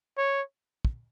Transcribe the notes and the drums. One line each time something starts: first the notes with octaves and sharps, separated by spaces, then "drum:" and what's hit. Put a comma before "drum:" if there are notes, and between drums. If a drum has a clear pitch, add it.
C#5
drum: kick